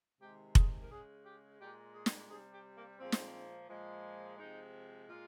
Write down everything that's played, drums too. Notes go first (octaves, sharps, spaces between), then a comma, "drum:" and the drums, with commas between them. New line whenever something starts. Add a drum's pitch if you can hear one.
C3 D#3 G#3 G4
G#4, drum: kick F1
A#4
C#3 G#3 G#4
G4
A#2 G#3 G4
G#4
drum: snare
C3 G3 G#4
G4
A#3
A#2 F3 G#3 C4
drum: snare
A#2 F3 G#3
C3 F3 G#3 D#4
A#2 G#3 F4